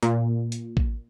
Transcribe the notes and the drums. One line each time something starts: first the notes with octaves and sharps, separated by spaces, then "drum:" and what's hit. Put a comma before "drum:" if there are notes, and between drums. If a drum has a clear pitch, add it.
A#2, drum: hi-hat
drum: hi-hat
drum: kick